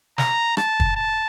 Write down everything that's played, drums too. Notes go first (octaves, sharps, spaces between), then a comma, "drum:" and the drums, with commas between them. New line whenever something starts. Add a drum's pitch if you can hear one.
A#5, drum: snare
A5, drum: rim click
drum: kick
A5